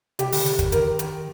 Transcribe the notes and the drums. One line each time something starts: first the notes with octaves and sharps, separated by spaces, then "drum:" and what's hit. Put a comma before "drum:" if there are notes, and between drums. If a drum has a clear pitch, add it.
C3 G4, drum: hi-hat
D3, drum: open hi-hat
D3, drum: hi-hat
D#3, drum: kick, hi-hat
D3
D#3 A#4, drum: hi-hat
drum: hi-hat